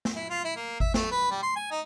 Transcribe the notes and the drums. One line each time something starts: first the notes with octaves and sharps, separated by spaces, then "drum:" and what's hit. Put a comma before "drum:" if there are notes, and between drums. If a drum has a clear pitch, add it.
drum: snare
E4
F4
E4
A#3
E5, drum: kick G#1
A3, drum: snare
B4
G3
C6
G#5
D#4